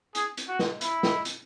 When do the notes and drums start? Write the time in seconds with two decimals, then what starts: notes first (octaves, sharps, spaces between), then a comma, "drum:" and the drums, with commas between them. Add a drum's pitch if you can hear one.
0.15 G#4, drum: hi-hat
0.37 drum: hi-hat
0.48 F#4
0.59 drum: snare
0.81 E4, drum: hi-hat
1.03 drum: snare
1.25 drum: hi-hat